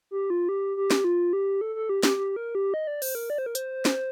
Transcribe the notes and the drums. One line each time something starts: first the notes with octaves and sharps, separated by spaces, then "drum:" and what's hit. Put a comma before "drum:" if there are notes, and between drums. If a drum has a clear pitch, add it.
G4
F4
G4
G4
drum: snare
F4
G4
A4
A4
G4
G4, drum: snare
G4
A#4
G4
D#5
D5
C5, drum: open hi-hat
A#4
D5
C5
A#4
C5, drum: hi-hat
drum: snare